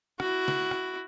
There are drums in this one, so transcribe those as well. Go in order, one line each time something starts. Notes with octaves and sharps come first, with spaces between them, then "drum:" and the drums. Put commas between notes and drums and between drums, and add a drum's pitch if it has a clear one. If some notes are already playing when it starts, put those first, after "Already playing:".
E4 F#4, drum: rim click
drum: snare
drum: rim click